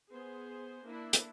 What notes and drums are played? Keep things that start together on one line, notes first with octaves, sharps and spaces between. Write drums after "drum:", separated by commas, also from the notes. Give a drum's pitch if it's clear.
B3 G#4 C5
A#3 D4 E4
drum: hi-hat